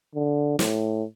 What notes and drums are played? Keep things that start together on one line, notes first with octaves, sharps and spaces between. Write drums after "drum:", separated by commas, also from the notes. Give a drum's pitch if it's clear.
D3
A2, drum: snare